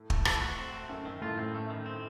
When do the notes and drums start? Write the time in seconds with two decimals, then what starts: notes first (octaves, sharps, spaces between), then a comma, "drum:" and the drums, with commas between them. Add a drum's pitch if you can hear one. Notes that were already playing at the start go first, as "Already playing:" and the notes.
Already playing: A2
0.10 A3, drum: kick
0.25 A4, drum: rim click
0.41 F#4
0.58 C4
0.74 A3
0.89 F#2 A3
1.05 D#3
1.21 A2 F4
1.38 A2 C4
1.54 A3
1.70 D#3
1.86 C4